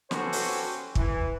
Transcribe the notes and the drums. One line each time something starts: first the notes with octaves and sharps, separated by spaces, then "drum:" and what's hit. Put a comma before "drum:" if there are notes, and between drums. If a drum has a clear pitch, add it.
C#4 F#4 G4 A4 B4 C5, drum: snare
drum: open hi-hat
E3, drum: kick